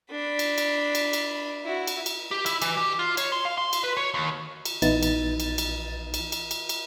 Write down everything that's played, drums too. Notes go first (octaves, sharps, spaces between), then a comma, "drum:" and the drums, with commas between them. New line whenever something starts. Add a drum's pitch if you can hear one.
D4 B5
drum: cymbal
drum: cymbal
drum: cymbal
drum: cymbal
E4 F#4
drum: cymbal
drum: cymbal
G4
E4, drum: cymbal
E3, drum: cymbal
G4
F4
C#5, drum: cymbal
C6
F5
C6
drum: cymbal
B4
C#5
D#2
drum: cymbal
A#1 E3 B3 D#4 E4 A6, drum: cymbal
drum: cymbal
drum: cymbal
drum: cymbal
drum: cymbal
drum: cymbal
drum: cymbal
drum: cymbal